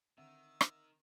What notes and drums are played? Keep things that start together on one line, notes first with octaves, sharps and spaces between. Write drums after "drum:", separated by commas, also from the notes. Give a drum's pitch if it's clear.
D3 D#3 C4 E5 F#5 E6
drum: rim click